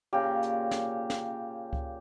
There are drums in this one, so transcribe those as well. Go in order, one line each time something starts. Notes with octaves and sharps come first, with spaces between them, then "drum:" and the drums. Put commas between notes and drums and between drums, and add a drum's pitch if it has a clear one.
A#2 C#3 G4
drum: hi-hat
drum: snare
drum: snare
drum: kick C#2